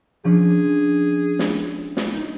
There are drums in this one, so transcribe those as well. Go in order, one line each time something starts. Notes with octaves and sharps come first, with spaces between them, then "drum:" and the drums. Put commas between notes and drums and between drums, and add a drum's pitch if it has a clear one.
F3 C#4 D4 G#4
drum: snare
drum: snare
D#4